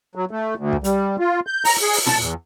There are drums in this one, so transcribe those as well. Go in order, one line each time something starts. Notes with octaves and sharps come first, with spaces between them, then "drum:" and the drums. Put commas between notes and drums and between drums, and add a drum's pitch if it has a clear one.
F#3
A3
D2
drum: kick
G3, drum: hi-hat
F4
G6
A#5, drum: open hi-hat
G#4
drum: open hi-hat
A5, drum: tom
E2